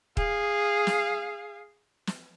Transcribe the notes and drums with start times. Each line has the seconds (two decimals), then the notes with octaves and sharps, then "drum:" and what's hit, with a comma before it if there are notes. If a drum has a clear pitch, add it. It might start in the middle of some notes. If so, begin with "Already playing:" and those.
0.17 G#4 F5, drum: kick
0.87 drum: snare
2.07 drum: snare